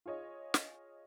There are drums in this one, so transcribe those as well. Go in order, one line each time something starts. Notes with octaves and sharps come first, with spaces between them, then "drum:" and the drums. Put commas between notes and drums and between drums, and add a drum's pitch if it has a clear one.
F4 G#4 C#5 D#5
drum: snare